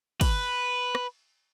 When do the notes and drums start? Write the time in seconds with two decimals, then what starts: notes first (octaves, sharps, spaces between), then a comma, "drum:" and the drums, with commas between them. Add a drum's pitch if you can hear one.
0.21 B4, drum: kick, cymbal
0.95 drum: rim click